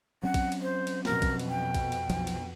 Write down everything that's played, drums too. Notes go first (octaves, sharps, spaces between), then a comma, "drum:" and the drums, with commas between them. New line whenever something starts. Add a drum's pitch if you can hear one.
F#3 C4 C#4 F#5
drum: kick, cymbal
drum: cymbal
C5
drum: cymbal
F2 B2 A#4, drum: snare
drum: kick, cymbal
drum: cymbal
G5
drum: kick, cymbal
drum: cymbal
B1 F3 F#3, drum: cymbal
drum: cymbal